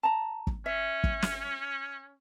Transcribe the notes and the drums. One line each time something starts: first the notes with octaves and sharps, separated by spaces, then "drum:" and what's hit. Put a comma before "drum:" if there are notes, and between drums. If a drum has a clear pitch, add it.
A5 A#5
drum: kick
C#4 E5
drum: kick
drum: snare